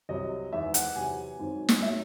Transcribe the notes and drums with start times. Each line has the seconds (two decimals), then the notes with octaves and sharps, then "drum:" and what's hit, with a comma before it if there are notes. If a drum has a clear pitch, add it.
0.09 C2 C3 F#3 D#5
0.52 E2 D#3 G#3 E5
0.74 F#5, drum: hi-hat
0.96 E2 C3 F#3 G#5
1.39 G#1 G#2 D#3 F#3
1.69 drum: snare
1.82 E5
1.85 F#3